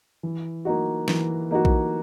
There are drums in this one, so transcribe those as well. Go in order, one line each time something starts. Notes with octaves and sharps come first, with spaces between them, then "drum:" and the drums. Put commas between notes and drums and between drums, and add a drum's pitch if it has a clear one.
E3
A#3 D#4 F#4
E3, drum: snare
A#3 D#4 F#4
drum: kick A#1